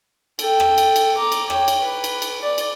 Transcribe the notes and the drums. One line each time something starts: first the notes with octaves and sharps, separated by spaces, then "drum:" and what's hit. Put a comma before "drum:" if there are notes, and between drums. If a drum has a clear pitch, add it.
A4 G5, drum: cymbal
drum: rim click
drum: cymbal
drum: cymbal
A#5 D6
drum: cymbal
C#5 G5, drum: rim click
drum: cymbal
B4
drum: cymbal
drum: cymbal
D5
drum: cymbal